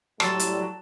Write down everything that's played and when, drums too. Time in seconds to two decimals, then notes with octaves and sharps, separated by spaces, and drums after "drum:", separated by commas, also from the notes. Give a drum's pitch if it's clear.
0.20 A2 F#3 G3 A5 C6 E6 A6, drum: rim click
0.39 drum: hi-hat